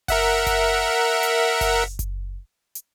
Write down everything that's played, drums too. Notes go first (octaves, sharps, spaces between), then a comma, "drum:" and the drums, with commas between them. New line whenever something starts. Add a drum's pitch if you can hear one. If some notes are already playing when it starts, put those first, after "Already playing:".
A#4 E5 F#5, drum: kick F#1, open hi-hat
drum: kick F#1, hi-hat
drum: hi-hat
drum: kick F#1, open hi-hat
drum: kick F#1, hi-hat
drum: hi-hat